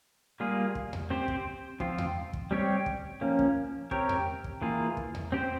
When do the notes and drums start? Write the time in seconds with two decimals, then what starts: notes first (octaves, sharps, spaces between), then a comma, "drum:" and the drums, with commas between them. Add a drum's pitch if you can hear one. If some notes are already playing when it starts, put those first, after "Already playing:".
0.40 G3 A#3 F4 G#4
0.75 drum: kick
0.93 drum: tom E2
1.10 C4 G4 C5
1.28 drum: kick
1.80 F3 C4 F4, drum: kick
1.98 drum: tom E2
2.33 drum: kick
2.51 G3 C4 G4 C#5
2.86 drum: kick
3.21 F3 A#3 C#4
3.39 drum: kick
3.91 C4 G4 A#4 C#5, drum: kick
4.09 drum: tom E2
4.44 drum: kick
4.62 E3 A#3 F4 G#4
4.97 drum: kick
5.15 drum: tom E2
5.32 C4 G4 C5